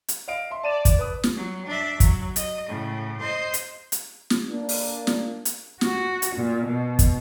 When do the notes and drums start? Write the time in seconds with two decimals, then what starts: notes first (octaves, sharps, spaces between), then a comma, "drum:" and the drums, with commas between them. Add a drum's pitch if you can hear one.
0.08 drum: hi-hat
0.28 D#5 F5 D7
0.51 E5 C6
0.63 D5 A5 D#7 E7
0.85 drum: kick, hi-hat
0.99 B4 D#6
1.23 drum: snare
1.37 F#3
1.67 D4 E5
2.00 F#3, drum: kick, hi-hat
2.36 D#5, drum: hi-hat
2.68 A2 C#3
3.20 C5 D#5
3.54 drum: hi-hat
3.92 drum: hi-hat
4.30 drum: snare
4.50 A#3 D4
4.69 drum: open hi-hat
5.07 drum: snare
5.45 drum: hi-hat
5.81 F#4, drum: snare
6.22 drum: hi-hat
6.37 A#2
6.66 B2
6.99 drum: kick, hi-hat